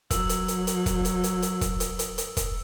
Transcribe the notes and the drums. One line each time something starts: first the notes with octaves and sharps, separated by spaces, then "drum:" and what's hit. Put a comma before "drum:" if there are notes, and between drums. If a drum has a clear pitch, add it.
F#3 E6, drum: kick, hi-hat
drum: hi-hat
drum: hi-hat
drum: hi-hat
drum: kick, hi-hat
drum: hi-hat
drum: hi-hat
drum: hi-hat
drum: kick, hi-hat
drum: hi-hat
drum: hi-hat
drum: hi-hat
drum: kick, hi-hat